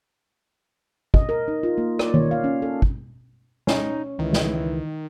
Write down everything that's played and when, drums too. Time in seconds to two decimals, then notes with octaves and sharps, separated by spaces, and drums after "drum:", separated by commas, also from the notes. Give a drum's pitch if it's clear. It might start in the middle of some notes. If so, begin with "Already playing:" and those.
1.14 D#5, drum: kick
1.29 A#4
1.48 D#4
1.63 F4
1.78 A#3
1.99 D5, drum: rim click
2.14 C#5, drum: tom D#3
2.31 F5
2.44 C#4
2.62 A4
2.82 drum: kick
3.67 C#4 D#4 C#5, drum: snare
4.19 C#2 D#3 E3
4.33 drum: snare